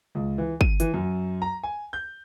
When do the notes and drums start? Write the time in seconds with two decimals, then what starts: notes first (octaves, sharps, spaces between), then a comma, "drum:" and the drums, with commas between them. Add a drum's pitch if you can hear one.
0.15 C#2
0.38 E3
0.61 D#7, drum: kick
0.80 E3, drum: hi-hat
0.94 F#2
1.42 A#5
1.63 G#5
1.93 G6